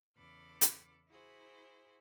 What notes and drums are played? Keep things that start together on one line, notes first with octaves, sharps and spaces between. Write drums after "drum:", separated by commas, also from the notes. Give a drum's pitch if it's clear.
E2 C#3 A4 B5 D6 F6
drum: hi-hat
E4 F#4 G#4 C5 B5